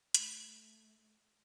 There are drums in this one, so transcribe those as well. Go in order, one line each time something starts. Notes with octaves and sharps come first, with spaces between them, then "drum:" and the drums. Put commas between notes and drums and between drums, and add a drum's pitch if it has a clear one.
A3, drum: hi-hat